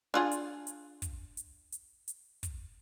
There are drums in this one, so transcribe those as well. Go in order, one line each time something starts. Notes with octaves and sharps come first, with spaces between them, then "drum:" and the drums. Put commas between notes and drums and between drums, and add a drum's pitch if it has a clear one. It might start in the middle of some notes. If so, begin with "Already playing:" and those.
D4 F4 G#4
drum: hi-hat
drum: hi-hat
drum: kick, hi-hat
drum: hi-hat
drum: hi-hat
drum: hi-hat
drum: kick, hi-hat